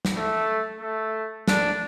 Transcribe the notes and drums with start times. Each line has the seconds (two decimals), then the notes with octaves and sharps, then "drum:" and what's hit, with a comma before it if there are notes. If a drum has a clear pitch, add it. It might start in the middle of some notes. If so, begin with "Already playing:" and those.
0.05 drum: snare
0.16 A3
0.81 A3
1.48 D4, drum: snare